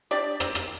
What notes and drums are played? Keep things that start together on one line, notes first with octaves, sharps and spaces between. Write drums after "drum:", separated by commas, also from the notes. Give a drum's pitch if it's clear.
D4 G4 D5
C4, drum: rim click
drum: rim click